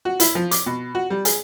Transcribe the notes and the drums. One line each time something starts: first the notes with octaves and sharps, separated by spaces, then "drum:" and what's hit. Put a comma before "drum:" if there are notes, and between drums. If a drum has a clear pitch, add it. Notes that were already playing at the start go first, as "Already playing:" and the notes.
F#4
E4, drum: hi-hat
F3
D6, drum: hi-hat
B2
F#4
G3
G#4, drum: hi-hat